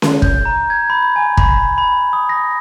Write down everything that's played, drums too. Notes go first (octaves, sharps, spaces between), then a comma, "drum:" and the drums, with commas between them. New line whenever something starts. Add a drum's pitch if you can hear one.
drum: snare C#4
G6, drum: kick
A#5
G#6
B5
G#5
B5, drum: kick
B5
D#6
A#6